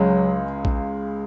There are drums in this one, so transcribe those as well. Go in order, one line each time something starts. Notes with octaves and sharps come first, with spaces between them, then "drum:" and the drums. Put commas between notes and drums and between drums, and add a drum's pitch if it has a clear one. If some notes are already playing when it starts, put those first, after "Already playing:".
Already playing: C#2 C#3 F#3 G#3
drum: kick A#1